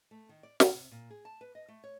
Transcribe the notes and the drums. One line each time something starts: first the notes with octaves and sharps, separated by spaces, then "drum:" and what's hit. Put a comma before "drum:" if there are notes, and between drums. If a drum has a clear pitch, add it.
A3
D#3
D5
C#3, drum: snare
C3
A#2
G#4
A5
B4
D#5
A3
C#5